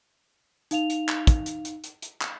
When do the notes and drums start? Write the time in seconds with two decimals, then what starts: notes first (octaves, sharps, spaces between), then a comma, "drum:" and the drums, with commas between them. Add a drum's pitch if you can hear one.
0.71 D#4 F5 F7, drum: hi-hat
0.90 drum: hi-hat
1.09 drum: clap
1.27 drum: kick, hi-hat
1.46 drum: hi-hat
1.65 drum: hi-hat
1.84 drum: hi-hat
2.02 drum: hi-hat
2.21 drum: clap